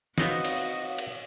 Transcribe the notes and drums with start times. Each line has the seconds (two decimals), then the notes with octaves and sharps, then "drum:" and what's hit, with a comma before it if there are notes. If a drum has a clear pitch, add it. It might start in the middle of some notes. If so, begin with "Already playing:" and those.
0.18 B3 C4 D#4 F#4 C#5 D#5 F5 F#5, drum: snare
0.45 drum: cymbal
0.98 drum: cymbal